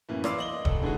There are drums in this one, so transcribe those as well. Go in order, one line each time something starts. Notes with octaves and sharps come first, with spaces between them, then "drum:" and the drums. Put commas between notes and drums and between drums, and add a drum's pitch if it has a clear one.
F#2 A2 E3 A#3
B4 D5 F5 C6 D6 E6, drum: rim click
D#5 F#7 G7
F1 A4, drum: kick D#1
D3 E3 G#3 D#4 F#4